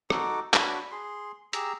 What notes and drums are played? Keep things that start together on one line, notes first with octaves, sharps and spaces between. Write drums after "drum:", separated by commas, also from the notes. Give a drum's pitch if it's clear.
D#4 F#4 A4 D6, drum: rim click
D4 F#4 C#5 B5, drum: clap
G#4 C6
G4 G#4 A#5 E6, drum: hi-hat